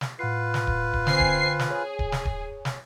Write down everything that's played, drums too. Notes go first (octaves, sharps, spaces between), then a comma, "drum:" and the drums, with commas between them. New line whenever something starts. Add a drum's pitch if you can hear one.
drum: snare
A2 F4 B4 F#5 C7
drum: snare
drum: kick D1
drum: kick D1
D3 C4 G#5 C7, drum: snare
drum: kick D1
drum: snare
G#4 C#5 G#5
drum: kick D1
drum: snare
drum: kick D1
drum: snare